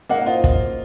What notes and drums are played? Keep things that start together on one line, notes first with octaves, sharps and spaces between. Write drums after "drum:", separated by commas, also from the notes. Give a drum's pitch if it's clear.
A#3 D#5 F#5
F4 C5 D#5
drum: kick